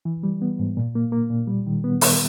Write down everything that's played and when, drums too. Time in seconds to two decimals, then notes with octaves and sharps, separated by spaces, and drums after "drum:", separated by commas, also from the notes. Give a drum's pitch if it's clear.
0.05 E3
0.23 G3
0.42 B3
0.59 G#2
0.77 A#2
0.95 A#3
1.12 A#3
1.30 A#2
1.48 G3
1.66 D#3
1.84 B3
2.01 D#3, drum: open hi-hat